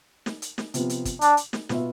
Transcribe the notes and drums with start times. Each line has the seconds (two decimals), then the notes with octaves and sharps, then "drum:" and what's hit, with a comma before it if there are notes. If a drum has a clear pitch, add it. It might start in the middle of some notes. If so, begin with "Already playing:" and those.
0.26 drum: snare
0.42 drum: hi-hat
0.58 drum: snare
0.74 C3 F3 B3, drum: hi-hat
0.90 drum: hi-hat
1.05 drum: kick, hi-hat
1.21 D4, drum: hi-hat
1.37 drum: hi-hat
1.53 drum: snare
1.69 B2 B3 F4 B4 E5, drum: snare